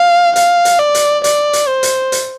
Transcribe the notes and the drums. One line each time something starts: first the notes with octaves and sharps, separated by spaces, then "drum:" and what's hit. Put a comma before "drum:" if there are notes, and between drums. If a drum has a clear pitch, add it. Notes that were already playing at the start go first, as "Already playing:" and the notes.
Already playing: F5
F5, drum: hi-hat
drum: hi-hat
D5
drum: hi-hat
D5, drum: hi-hat
drum: hi-hat
C5
drum: hi-hat
drum: hi-hat